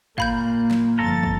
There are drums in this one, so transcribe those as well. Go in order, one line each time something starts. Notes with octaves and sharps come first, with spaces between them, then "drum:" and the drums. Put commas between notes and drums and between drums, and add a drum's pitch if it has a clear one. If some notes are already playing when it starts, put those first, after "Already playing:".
A#2 A#3 F5 B5 G6, drum: kick
drum: snare
G1 F2 F4 A4 A#5 A6
drum: kick